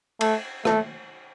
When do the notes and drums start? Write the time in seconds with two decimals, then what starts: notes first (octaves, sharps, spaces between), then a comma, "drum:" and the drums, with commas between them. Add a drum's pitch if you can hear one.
0.21 A3, drum: cymbal
0.65 A3, drum: rim click